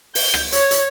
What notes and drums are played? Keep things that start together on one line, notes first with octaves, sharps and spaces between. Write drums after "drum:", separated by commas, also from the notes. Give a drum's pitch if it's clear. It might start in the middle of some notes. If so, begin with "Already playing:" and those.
G6, drum: open hi-hat
drum: rim click
C#5, drum: hi-hat
drum: hi-hat